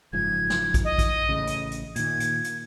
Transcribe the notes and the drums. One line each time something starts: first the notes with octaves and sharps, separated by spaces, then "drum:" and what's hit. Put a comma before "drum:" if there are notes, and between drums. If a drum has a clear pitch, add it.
F#1 G#2 F3 G#6
drum: snare
drum: kick A#1, hi-hat
D#5
drum: kick A#1, hi-hat
A1 C#3
drum: hi-hat
drum: hi-hat
A#2 D#3 G#6, drum: hi-hat
drum: hi-hat
drum: hi-hat